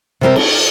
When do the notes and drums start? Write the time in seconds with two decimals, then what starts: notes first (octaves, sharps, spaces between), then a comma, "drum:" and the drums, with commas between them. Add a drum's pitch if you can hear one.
0.21 C3 G3 C4 G4 A#4
0.36 drum: cymbal